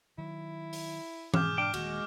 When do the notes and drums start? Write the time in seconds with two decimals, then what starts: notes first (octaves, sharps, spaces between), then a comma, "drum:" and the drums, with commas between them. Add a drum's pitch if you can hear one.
0.18 D#3 F#3 E4
0.73 drum: open hi-hat
1.34 G#2 B2 G#4 D6 F6 G6, drum: tom E3
1.58 D4 G5 D6 F6
1.74 D#1 D#3 G#3 A#3 F#4, drum: cymbal